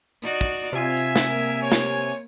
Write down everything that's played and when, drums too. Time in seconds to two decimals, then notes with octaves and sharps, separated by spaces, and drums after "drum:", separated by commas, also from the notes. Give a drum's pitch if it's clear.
0.22 D#4 F#4 D5, drum: tambourine
0.41 drum: kick
0.60 drum: tambourine
0.72 C3 F4 E5 G#5
0.97 drum: tambourine
1.16 drum: snare
1.27 A#3 A#4
1.62 C#5
1.72 drum: snare
2.09 drum: tambourine